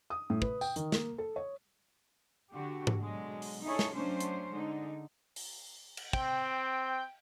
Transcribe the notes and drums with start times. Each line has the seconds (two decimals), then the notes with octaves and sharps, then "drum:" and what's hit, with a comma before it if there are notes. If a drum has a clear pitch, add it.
0.10 D#6
0.30 A2
0.42 B4, drum: kick
0.61 G5, drum: tambourine
0.76 D#3, drum: hi-hat
0.92 A#3, drum: snare
1.18 A4
1.36 C#5
2.51 D3 F#4 G4
2.87 drum: tom G#2
3.00 B2 D3 F#3 G#3
3.42 drum: open hi-hat
3.63 D#4 E4 G#4 A4 C#5
3.79 drum: snare
3.94 F#3 A3 C#4 D4 C5
4.20 drum: hi-hat
4.52 D3 G#3 D#4
5.36 drum: open hi-hat
5.97 drum: cymbal
6.13 C4 G5, drum: kick